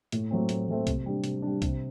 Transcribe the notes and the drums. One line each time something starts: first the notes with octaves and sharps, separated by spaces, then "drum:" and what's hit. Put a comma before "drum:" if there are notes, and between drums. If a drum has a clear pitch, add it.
A2, drum: hi-hat
F#3 A3 C4
A2, drum: hi-hat
F#3 A3 C4
C3, drum: kick B1, hi-hat
G3 D4
C3, drum: hi-hat
G3 D4
C3, drum: kick B1, hi-hat